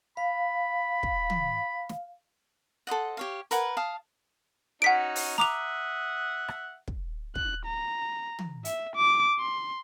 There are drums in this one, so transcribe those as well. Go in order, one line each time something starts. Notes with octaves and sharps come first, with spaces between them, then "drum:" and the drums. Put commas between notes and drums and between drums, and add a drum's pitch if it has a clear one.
F5 B5
drum: kick
drum: tom
drum: snare
A4 C5 D#5 F#5
G4 C#5 F5
A#4 B4 F#5 G#5, drum: hi-hat
F5 A5 D#6
C#4 D#4 F#4 F#5 B6 D7
drum: open hi-hat
E5 F#5 A#5 D6 D#6 F7, drum: snare
drum: rim click
drum: kick
F#6, drum: kick
A#5
drum: tom
E5, drum: hi-hat
D6
C6